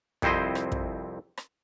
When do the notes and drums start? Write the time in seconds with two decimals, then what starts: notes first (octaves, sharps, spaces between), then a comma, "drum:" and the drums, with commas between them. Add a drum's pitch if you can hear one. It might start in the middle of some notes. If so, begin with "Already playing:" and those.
0.22 C2 F2 C4 E4 C5 D#5, drum: kick
0.55 drum: rim click
0.72 drum: kick
1.37 drum: rim click